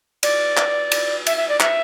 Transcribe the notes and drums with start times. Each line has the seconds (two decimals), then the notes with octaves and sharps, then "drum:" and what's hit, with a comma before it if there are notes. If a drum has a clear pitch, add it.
0.23 D5, drum: cymbal
0.57 drum: clap
0.92 drum: cymbal
1.26 E5, drum: cymbal
1.37 E5
1.49 D5
1.60 E5, drum: clap